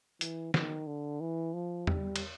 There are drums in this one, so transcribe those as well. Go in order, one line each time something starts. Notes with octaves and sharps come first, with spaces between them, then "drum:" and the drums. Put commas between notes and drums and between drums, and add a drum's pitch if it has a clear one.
E3, drum: hi-hat
D#3, drum: snare
D3
E3
F3
G3, drum: tom
drum: cymbal